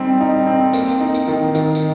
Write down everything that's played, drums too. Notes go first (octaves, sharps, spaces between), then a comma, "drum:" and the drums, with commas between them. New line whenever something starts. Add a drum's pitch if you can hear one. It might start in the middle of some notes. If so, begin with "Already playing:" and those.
Already playing: G3 C4 D#4
D#4
C4
A#3, drum: tambourine
D#4
drum: tambourine
D#3
D#3, drum: tambourine
drum: tambourine